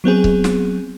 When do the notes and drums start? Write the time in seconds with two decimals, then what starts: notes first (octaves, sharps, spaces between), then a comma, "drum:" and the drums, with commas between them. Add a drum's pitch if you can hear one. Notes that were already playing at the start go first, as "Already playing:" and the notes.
0.04 F#3 B3 C4 G#4
0.24 drum: kick C#1
0.44 drum: snare